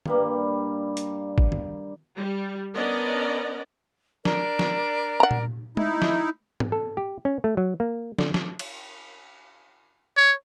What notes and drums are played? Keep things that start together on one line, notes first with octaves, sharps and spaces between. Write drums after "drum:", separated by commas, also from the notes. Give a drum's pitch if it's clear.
G2 G3 A#3, drum: tom
drum: hi-hat
drum: kick
drum: tom
G3
B3 C#4 D4 A#4 D5 D#5
D4 A#4 D5, drum: snare
drum: snare
F#5 A#5
drum: tom A#2
D#4 E4, drum: tom
drum: snare
drum: tom
A4
G4
C#4
A3
F#3
A#3
D3, drum: snare
drum: snare
drum: cymbal
C#5